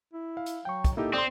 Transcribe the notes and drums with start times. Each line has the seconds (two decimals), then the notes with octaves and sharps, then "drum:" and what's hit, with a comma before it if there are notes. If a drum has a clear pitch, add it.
0.13 E4
0.37 F5
0.46 drum: hi-hat
0.65 F#3 G5 C#6
0.84 drum: kick, hi-hat
0.97 A#3 D#4 E4 G4 A4
1.14 C4 D5 C6 D#6